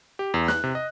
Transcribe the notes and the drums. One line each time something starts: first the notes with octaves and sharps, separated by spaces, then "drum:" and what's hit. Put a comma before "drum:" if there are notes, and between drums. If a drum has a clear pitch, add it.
G4
E2
F#6, drum: snare
C3
D#5